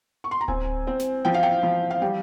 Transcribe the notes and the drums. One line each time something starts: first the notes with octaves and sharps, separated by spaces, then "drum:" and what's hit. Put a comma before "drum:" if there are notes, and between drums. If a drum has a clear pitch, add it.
C#6
C6
A#5
C4 G#5, drum: kick D1
C4
drum: snare
F3 G5
F5
G5
F3
F5
G3 G5